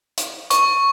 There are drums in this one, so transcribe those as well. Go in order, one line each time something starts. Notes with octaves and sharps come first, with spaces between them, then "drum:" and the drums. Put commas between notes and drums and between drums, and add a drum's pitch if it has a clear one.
drum: hi-hat
C#6, drum: hi-hat